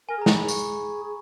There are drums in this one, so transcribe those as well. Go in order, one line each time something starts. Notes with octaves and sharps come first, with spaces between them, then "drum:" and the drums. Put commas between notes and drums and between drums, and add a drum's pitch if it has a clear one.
A#4 G#5
G#4
A#5
F#4, drum: snare
G#4 B5
C#6, drum: tambourine
G#4